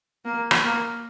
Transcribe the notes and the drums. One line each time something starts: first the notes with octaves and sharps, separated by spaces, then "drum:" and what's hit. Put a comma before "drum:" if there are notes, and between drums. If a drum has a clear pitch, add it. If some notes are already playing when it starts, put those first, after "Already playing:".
A#3
drum: rim click
A#3